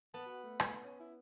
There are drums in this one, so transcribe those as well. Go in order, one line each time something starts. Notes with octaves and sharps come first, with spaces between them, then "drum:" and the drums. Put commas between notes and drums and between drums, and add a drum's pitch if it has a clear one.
B3 A5
F#4
A3
drum: rim click
C#4
E4